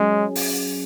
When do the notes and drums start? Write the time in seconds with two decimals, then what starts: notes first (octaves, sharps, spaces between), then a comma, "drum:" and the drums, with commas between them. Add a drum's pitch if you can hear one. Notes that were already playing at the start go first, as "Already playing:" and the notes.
Already playing: F#3 G#3 C#4 G#4
0.35 drum: open hi-hat